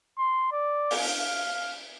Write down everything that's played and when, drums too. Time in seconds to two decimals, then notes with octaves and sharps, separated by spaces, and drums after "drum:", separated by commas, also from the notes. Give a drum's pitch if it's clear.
0.18 C6
0.52 D5
0.91 drum: open hi-hat
1.02 F5